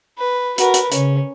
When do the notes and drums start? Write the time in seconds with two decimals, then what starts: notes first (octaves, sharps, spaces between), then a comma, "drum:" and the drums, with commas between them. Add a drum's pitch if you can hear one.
0.18 B4
0.58 F#4 A#4 B4, drum: hi-hat
0.74 drum: hi-hat
0.92 C#3 C#4, drum: hi-hat